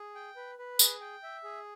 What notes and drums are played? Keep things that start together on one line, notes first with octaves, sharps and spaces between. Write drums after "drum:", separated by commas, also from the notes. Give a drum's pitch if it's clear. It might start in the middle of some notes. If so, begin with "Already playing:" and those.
Already playing: G#4
G5
B4
B4
G#4, drum: tambourine
G5
E5
G#4